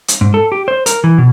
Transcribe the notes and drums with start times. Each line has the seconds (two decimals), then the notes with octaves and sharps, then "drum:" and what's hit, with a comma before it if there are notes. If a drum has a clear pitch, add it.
0.08 drum: hi-hat
0.21 G#2
0.34 A4
0.52 G4
0.68 C5
0.86 A#4, drum: hi-hat
1.04 E3
1.18 B2